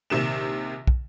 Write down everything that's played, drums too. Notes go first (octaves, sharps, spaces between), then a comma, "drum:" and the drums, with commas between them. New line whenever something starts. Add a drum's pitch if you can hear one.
A#1 C3 D#3 E7
drum: kick